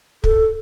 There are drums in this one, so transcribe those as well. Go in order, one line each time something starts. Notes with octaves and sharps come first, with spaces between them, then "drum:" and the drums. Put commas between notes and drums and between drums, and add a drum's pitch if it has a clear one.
A4, drum: kick